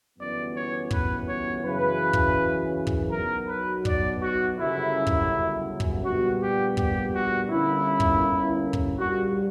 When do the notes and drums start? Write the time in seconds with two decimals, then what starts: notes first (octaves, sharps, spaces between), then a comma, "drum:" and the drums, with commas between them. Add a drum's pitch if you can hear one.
0.17 G1 F#2 E3 B3 D5
0.55 C#5
0.91 B4, drum: kick
1.27 C#5
1.64 F#2 C#3 E3 B4
2.13 drum: kick
2.87 drum: kick
3.11 B1 B2 F#3 A#4
3.48 B4
3.85 D5, drum: kick
4.21 F#4
4.58 G1 F#2 C#3 E4
5.07 drum: kick
5.80 drum: kick
6.04 A#1 A#2 G3 B3 D4 F#4
6.41 G4
6.77 G4, drum: kick
7.14 F#4
7.50 G1 G2 D3 A#3 C#4 E4
8.00 drum: kick
8.73 drum: kick
8.98 A#1 A#2 G3 F#4